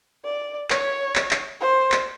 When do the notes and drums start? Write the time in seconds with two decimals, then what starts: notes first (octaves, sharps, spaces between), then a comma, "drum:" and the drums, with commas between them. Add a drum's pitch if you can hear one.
0.25 D5
0.70 C#5, drum: clap
1.16 drum: clap
1.31 drum: clap
1.61 C5
1.92 drum: clap